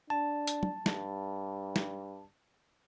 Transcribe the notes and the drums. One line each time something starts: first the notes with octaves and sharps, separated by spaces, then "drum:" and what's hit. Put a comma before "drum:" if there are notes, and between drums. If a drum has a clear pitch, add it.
D4 A5
drum: hi-hat
drum: tom
G2, drum: snare
drum: snare